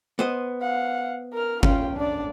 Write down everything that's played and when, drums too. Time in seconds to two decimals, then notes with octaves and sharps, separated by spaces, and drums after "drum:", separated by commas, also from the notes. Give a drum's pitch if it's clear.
0.19 B3 C5 D#5
0.62 F5 F#5
1.33 A#4 F6
1.63 C#4 F4 G5, drum: kick G1
1.96 D4 D5